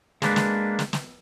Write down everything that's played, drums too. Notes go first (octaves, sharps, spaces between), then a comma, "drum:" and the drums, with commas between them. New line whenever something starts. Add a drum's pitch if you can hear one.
G#3 A#3 D4 B4, drum: snare
drum: snare
drum: snare
drum: snare